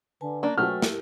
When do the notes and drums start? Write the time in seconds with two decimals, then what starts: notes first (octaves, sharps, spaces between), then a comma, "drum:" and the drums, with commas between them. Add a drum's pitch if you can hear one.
0.21 D3 B4 G#5 A5
0.43 A#3 C#4 D4 A5
0.58 F#3 A3 B4 G5 G#5 F6
0.82 E4 G4 A#4, drum: snare